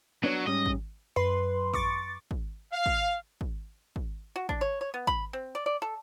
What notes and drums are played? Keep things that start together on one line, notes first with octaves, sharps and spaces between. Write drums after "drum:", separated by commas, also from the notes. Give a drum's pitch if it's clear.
F#3 B3 D4 C#5
G#2 G3 C#4 D#5
drum: kick
F#2 B4 C6
C#6 D6 A6, drum: kick
drum: kick
F5
drum: kick
drum: kick
drum: kick
F#4
D4, drum: kick
C#5
C#5
B3
B5, drum: kick
C4
D5
D5
A4